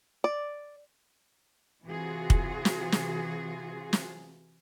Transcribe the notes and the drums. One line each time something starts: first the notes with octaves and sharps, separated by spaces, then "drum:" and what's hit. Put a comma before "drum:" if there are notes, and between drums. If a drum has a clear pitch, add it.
D5
C3 E3 F4 F#4 G#4
drum: kick
drum: snare
drum: snare
drum: snare